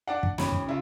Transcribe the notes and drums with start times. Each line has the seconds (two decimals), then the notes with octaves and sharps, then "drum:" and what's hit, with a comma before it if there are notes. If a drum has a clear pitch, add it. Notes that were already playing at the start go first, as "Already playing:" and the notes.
0.07 D4 D5 F#5
0.23 drum: kick
0.38 G#1 C#4 B5, drum: snare
0.52 drum: kick
0.66 C#3 E4 F4